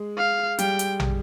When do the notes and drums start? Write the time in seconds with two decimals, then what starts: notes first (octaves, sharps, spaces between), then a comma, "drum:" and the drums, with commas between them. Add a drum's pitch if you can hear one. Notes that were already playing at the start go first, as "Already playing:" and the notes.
Already playing: G#3
0.18 F5
0.59 G3 G5, drum: hi-hat
0.79 drum: hi-hat
1.00 drum: tom